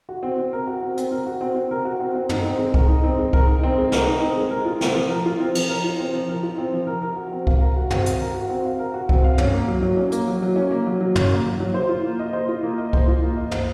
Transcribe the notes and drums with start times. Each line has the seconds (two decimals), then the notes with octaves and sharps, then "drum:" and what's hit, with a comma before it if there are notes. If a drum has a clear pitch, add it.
0.09 F#4
0.23 C4
0.39 C4
0.53 A#4
0.67 F#4
0.83 C4
0.97 C4, drum: hi-hat
1.12 A#4
1.26 F#4
1.41 C4
1.56 C4
1.71 A#4
1.85 F#4
2.00 C4
2.15 C4
2.29 D#4, drum: tom
2.45 C4
2.59 G#3
2.74 A#4, drum: kick C2
2.89 D#4
3.04 C4
3.19 G#3
3.33 A#4, drum: kick C2
3.47 D#4
3.63 C4
3.78 G#3
3.92 A#4, drum: snare
4.08 D#4
4.22 C4
4.37 G#3
4.51 A#4
4.65 F4
4.81 C4, drum: snare
4.95 F3
5.10 A#4
5.26 F4
5.40 C4
5.55 F3, drum: cymbal
5.70 A#4
5.84 F4
5.99 C4
6.13 F3
6.29 A#4
6.43 F4
6.58 C4
6.72 F3
6.87 A#4
7.02 A#4
7.17 F#4
7.32 C4
7.47 F5, drum: kick C2
7.61 A#4
7.76 F#4
7.90 C4, drum: tom
8.06 F5, drum: hi-hat
8.21 A#4
8.34 F#4
8.49 C4
8.65 F5
8.79 A#4
8.94 F#4
9.09 C4, drum: kick C2
9.24 F5
9.38 C#4, drum: tom
9.53 A#3
9.68 F#3
9.82 F#3
9.97 C#4
10.12 A#3, drum: hi-hat
10.28 F#3
10.42 F#3
10.56 C#4
10.71 A#3
10.87 F#3
11.01 F#3
11.15 C#4, drum: tom
11.31 A#3
11.46 F#3
11.60 F#3
11.74 C5
11.89 F4
12.04 A#3
12.19 D#5
12.33 C5
12.49 F4
12.63 A#3
12.78 D#5
12.93 C5, drum: kick C2
13.08 F4
13.23 A#3
13.37 D#5
13.51 C5, drum: tom